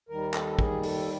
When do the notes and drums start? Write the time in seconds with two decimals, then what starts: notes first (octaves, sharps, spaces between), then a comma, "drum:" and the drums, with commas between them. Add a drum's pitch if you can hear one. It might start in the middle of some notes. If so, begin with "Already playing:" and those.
0.09 D#2 D#3 G3 A#4
0.34 A4, drum: clap
0.59 G#4, drum: kick
0.83 A4, drum: open hi-hat